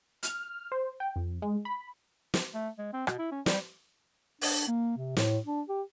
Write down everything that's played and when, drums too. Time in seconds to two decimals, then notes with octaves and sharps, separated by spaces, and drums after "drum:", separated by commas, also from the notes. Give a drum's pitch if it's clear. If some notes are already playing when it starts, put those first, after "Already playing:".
0.23 F6, drum: hi-hat
0.72 C5
1.00 G5
1.16 F2
1.42 G#3
1.65 B5
2.34 drum: snare
2.54 A3
2.78 G#3
2.93 C4
3.07 B2, drum: rim click
3.19 E4
3.32 C#4
3.46 G3, drum: snare
4.42 D4, drum: open hi-hat
4.68 A#3
4.97 C3
5.17 A2, drum: snare
5.46 D4
5.69 G4